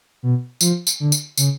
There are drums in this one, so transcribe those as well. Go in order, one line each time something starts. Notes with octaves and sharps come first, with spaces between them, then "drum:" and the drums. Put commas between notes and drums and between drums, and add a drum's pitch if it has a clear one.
B2
F3, drum: tambourine
drum: tambourine
D3
drum: tambourine
C#3, drum: tambourine